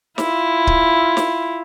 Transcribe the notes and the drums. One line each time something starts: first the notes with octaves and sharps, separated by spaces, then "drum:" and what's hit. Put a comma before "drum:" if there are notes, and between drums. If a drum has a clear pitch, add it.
E4 F4, drum: snare
drum: kick C#1
drum: snare